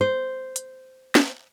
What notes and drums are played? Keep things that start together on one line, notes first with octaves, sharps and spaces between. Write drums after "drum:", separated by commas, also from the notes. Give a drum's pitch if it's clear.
C5
drum: hi-hat
drum: snare